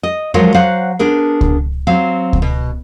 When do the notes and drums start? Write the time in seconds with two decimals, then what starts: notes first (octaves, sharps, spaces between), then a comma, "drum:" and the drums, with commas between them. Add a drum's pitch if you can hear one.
0.03 D#5
0.34 F3 F#3 G#3 F4 A#4 C#5
0.54 F#3 C5 F5 F#5
0.99 B3 D4 G#4 A#4
1.41 drum: kick C#2
1.87 F#3 C4 F5
2.33 drum: kick C#2
2.42 B2